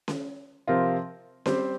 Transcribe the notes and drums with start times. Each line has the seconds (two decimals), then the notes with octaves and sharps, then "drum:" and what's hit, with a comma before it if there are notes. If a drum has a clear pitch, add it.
0.08 drum: snare C#4
0.67 C3 F3 C4 F4 A#4
1.46 G3 C4 G4 C5, drum: snare C#4